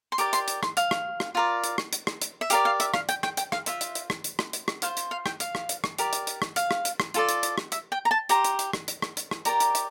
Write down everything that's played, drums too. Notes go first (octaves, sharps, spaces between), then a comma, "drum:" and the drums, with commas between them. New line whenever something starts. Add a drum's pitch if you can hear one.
C6
G4 A#4 D5 D6, drum: hi-hat
C6, drum: hi-hat
drum: hi-hat
C6, drum: rim click
F5, drum: hi-hat
drum: rim click
drum: rim click
F4 A#4 D5
drum: hi-hat
drum: rim click
drum: hi-hat
drum: rim click
drum: hi-hat
E5
G4 A#4 D5 F5, drum: hi-hat
F5
E5, drum: hi-hat
F5, drum: rim click
G5, drum: hi-hat
G5, drum: rim click
G5, drum: hi-hat
F5, drum: rim click
F4 C5 E5, drum: hi-hat
drum: hi-hat
drum: hi-hat
drum: rim click
drum: hi-hat
drum: rim click
drum: hi-hat
drum: rim click
F4 C5 F5, drum: hi-hat
drum: hi-hat
F5
G5, drum: rim click
F5, drum: hi-hat
drum: rim click
drum: hi-hat
drum: rim click
G4 A#4 D5, drum: hi-hat
drum: hi-hat
drum: hi-hat
drum: rim click
F5, drum: hi-hat
drum: rim click
drum: hi-hat
drum: rim click
F4 A4 D5, drum: hi-hat
drum: hi-hat
drum: hi-hat
drum: rim click
E5, drum: hi-hat
G5
A#5
A5
G4 C5 A#5, drum: hi-hat
drum: hi-hat
drum: hi-hat
drum: rim click
drum: hi-hat
drum: rim click
drum: hi-hat
drum: rim click
G4 A#4 D5 A#5, drum: hi-hat
drum: hi-hat
drum: hi-hat